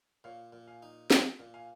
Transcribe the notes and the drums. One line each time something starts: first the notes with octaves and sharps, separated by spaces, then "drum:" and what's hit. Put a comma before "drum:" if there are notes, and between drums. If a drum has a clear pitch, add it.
A#2 C#5 F5
A#2
F5 G#5
D#4
D#4 D#5 F#5, drum: snare
A#2
F5 G#5